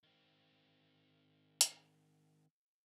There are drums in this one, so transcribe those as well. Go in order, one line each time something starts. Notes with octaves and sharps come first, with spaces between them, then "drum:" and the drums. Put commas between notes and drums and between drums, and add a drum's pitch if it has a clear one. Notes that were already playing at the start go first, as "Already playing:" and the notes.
D#3 C4
drum: hi-hat